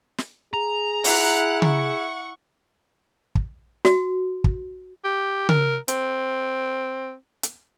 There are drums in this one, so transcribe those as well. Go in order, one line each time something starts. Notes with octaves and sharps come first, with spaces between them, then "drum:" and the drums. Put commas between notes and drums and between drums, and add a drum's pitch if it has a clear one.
drum: snare
G#4 A#5
E4 F#5 F#6, drum: open hi-hat
F#5 C#6, drum: tom C#3
drum: kick
F#4, drum: snare
drum: kick
G4
A#4, drum: tom C#3
C4, drum: hi-hat
drum: hi-hat